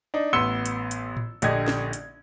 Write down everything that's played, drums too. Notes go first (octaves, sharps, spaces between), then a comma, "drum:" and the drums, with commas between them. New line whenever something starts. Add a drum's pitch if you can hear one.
D4 D#4
A1 B3 C6 E6 C#7 G7
drum: hi-hat
drum: hi-hat
drum: tom A2
A#1 D3 G4 D#5 G#6, drum: hi-hat
drum: snare
drum: hi-hat